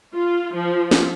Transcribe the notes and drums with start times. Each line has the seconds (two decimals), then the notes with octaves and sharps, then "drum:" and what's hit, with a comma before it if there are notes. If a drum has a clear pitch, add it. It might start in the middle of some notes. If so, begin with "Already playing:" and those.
0.14 F4
0.54 F3
0.91 drum: snare